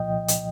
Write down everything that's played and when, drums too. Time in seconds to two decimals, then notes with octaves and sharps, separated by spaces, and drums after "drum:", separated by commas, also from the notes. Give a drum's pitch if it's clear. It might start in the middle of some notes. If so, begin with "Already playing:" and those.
Already playing: C2 A#2 F3 D#5 G5
0.28 drum: hi-hat